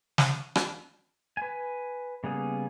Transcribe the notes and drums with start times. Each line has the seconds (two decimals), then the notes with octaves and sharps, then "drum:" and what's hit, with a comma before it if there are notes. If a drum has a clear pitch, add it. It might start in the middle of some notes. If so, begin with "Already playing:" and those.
0.18 drum: snare
0.55 drum: rim click
1.37 B4 G#5
2.24 C#3 G3 A#3 B3 G#4